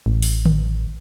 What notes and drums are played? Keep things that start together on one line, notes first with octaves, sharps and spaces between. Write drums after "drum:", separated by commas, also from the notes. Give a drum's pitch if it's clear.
A1
drum: open hi-hat
drum: tom D3